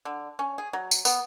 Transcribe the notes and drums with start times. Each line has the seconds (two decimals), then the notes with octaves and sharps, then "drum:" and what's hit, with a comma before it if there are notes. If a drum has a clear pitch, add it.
0.05 D3
0.39 C#4
0.58 G#4
0.73 F#3
0.91 drum: tambourine
1.05 B3, drum: tambourine